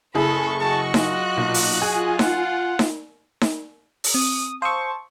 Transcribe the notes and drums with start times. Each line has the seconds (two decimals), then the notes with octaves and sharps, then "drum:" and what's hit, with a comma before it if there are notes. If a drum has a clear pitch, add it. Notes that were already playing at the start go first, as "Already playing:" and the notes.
0.15 F#1 E4 G#4 A4 B5 C#6
0.61 F#3 F#4 D#5 A5
0.94 F4 F#6, drum: snare D#4
1.37 B1 A#2
1.54 drum: open hi-hat
1.82 F4 G#4 G#5
2.19 F#5, drum: snare D#4
2.79 drum: snare D#4
3.41 drum: snare D#4
4.04 drum: open hi-hat
4.14 C4 D#6
4.62 C5 F5 A5 C#6 D#6 E6